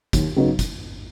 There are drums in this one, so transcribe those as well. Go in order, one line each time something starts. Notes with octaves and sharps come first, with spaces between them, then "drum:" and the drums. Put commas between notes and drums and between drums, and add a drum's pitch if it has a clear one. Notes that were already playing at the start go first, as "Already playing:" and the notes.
D#2, drum: kick, hi-hat
C#3 F#3 B3 D#4
drum: kick, hi-hat